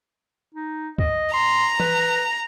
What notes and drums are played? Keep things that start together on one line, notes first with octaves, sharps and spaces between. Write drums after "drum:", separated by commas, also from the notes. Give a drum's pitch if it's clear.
D#4
D#5, drum: kick
A#5 C6
B4, drum: tom E3